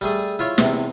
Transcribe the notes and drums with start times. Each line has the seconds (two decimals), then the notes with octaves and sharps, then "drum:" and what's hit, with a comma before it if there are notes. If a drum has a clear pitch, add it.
0.01 G3 A3 G#4
0.39 E4 F4 C#5
0.58 E2 C3, drum: snare